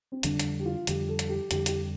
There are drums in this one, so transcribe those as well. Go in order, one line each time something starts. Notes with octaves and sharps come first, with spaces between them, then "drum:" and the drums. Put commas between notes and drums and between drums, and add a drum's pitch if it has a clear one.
C4
F2 D3 G3 D4, drum: hi-hat
drum: hi-hat
G4
F4
F2 D3 G3 G4, drum: hi-hat
A4
drum: hi-hat
G4
F2 D3 G3 G4, drum: hi-hat
G4, drum: hi-hat